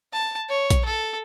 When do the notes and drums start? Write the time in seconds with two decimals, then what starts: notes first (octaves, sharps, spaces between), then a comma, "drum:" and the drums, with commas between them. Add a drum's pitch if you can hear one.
0.13 A5
0.49 C#5
0.70 drum: kick A#1, hi-hat
0.85 A4